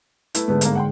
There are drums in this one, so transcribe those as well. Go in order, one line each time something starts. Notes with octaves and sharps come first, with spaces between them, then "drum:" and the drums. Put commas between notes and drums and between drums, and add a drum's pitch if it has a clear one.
A3 B3 E4, drum: hi-hat
G#2 D3 G#3 A3 B3
G1 A#3, drum: hi-hat
F#5 G5 C6